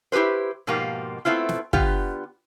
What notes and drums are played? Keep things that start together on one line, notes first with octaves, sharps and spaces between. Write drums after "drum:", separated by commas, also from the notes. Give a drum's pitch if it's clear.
E4 G4 G#4 B4 C5
G#2 B2 F3 A#3 F4 G4
A3 B3 C4 E4 F4
drum: snare
D3 B3 F4 G4, drum: kick